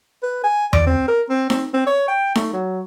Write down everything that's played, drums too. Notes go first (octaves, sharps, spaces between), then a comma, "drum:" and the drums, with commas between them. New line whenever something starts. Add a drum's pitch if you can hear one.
B4
G#5
D5, drum: tom E2
C4
A#4
C4
C4, drum: snare D#4
C4
C#5
G5
A3, drum: snare D#4
F#3